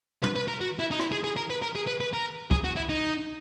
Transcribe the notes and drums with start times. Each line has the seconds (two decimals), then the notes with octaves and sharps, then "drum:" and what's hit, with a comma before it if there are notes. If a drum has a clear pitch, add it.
0.23 B4, drum: tom
0.36 B4
0.48 A#4
0.61 F#4
0.79 E4
0.91 D#4
0.99 E4, drum: rim click
1.12 G#4
1.24 G#4
1.37 A#4
1.50 B4
1.62 A#4
1.75 G#4
1.87 B4
2.01 B4
2.13 A#4
2.51 G#4, drum: kick
2.65 F#4
2.76 E4
2.89 D#4